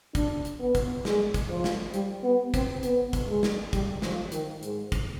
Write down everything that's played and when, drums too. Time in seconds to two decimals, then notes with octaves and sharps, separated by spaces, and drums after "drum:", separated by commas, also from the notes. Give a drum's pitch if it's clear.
0.15 D4, drum: kick, hi-hat
0.45 drum: hi-hat
0.60 B3
0.75 drum: kick, hi-hat
1.05 G#3, drum: snare
1.34 drum: kick, hi-hat
1.49 F3
1.64 drum: snare
1.94 G3, drum: hi-hat
2.23 B3
2.54 C4, drum: kick, hi-hat
2.83 B3, drum: hi-hat
3.13 drum: kick, hi-hat
3.28 G#3
3.43 drum: snare
3.73 G3, drum: kick, hi-hat
4.02 F3, drum: snare
4.32 D#3, drum: hi-hat
4.63 G#2, drum: hi-hat
4.92 drum: kick, hi-hat